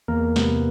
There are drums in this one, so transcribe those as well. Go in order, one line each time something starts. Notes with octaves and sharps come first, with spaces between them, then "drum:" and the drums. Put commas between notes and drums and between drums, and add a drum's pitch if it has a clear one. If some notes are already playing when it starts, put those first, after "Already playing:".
E2 A#3 A#4
C3 B3 B4, drum: snare